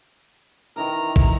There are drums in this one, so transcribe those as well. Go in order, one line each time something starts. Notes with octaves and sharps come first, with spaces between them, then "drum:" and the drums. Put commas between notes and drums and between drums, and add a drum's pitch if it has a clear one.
D#3 E3 A#4 A#5
drum: kick A1